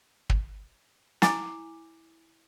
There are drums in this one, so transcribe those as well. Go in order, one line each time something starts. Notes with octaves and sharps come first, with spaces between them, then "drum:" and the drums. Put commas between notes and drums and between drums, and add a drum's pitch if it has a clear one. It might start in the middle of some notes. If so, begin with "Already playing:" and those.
drum: kick
E4 G#5 D6, drum: snare